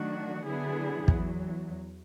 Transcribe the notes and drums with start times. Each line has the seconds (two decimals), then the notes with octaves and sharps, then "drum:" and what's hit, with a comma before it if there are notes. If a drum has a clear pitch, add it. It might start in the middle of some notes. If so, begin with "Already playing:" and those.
Already playing: D#3 F#3 A3 D4 F#4
0.45 D3 F#3 B3 E4 G#4
1.08 E2 F#3, drum: kick